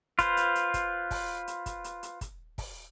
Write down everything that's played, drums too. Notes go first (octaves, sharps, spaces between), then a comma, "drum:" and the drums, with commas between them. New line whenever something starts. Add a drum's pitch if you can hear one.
F4 B4 C5, drum: kick, hi-hat
drum: hi-hat
drum: hi-hat
drum: kick, hi-hat
drum: kick, open hi-hat
drum: hi-hat
drum: kick, hi-hat
drum: hi-hat
drum: hi-hat
drum: kick, hi-hat
drum: kick, open hi-hat